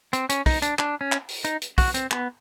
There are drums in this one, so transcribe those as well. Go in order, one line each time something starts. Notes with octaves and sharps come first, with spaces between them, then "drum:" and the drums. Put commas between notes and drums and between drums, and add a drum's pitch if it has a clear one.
C4, drum: hi-hat
C#4, drum: hi-hat
D#4, drum: kick, open hi-hat
D4, drum: hi-hat
D4, drum: clap
C#4
drum: clap
drum: open hi-hat
D#4, drum: hi-hat
drum: hi-hat
F#4, drum: kick, open hi-hat
C4, drum: hi-hat
B3, drum: clap